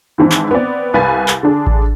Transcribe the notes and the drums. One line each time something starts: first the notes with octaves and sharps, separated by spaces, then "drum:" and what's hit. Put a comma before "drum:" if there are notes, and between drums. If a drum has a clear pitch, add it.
G#2 D#3 E3 C4 D4
drum: clap
B3 C4 D5
C2 B4 F5 G#5 B5 A6
drum: clap
D3 D4 G#4
drum: kick A1